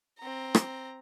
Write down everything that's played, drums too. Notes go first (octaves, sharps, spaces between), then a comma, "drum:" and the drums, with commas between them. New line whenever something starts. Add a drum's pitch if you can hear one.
C4 A#5
drum: rim click